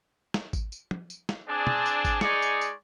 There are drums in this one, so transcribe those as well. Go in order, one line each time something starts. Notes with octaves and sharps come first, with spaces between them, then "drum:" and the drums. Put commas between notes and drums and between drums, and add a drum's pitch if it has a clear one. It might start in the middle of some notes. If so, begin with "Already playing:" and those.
drum: snare
drum: kick G#1, tambourine
drum: tambourine
drum: tom
drum: tambourine
drum: snare
C4 D4 G#4
drum: tom
drum: tambourine
drum: kick G#1, tambourine
G#3 D#4 G#4 D5 G#5 C#6, drum: snare
drum: tambourine
drum: tambourine